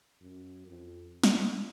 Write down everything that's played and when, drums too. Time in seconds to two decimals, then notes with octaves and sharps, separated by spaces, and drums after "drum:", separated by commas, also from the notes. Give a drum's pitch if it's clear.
0.21 F#2
0.66 F2
1.24 drum: snare